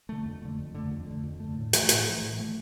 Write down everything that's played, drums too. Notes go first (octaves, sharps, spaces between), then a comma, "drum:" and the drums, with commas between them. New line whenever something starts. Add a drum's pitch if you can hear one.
D3 A3
F2
D3 A3
F2
D3 A3
F2
D3 A3
F2
D3 A3
A2
E3 A3, drum: hi-hat
A2, drum: hi-hat
E3 A3
A2
E3 A3